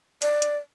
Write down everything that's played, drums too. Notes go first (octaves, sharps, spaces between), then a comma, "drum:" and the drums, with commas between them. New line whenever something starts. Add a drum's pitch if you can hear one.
D5, drum: hi-hat
drum: hi-hat